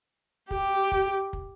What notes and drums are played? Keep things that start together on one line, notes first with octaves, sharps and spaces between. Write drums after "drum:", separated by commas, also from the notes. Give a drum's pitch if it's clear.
G4, drum: kick
drum: kick
drum: kick